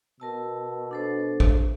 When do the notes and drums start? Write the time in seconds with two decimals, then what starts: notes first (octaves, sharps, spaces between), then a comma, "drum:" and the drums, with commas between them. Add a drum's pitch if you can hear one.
0.20 B2 A#4 A5 E6
0.91 D4 A4 C5
1.40 drum: kick A1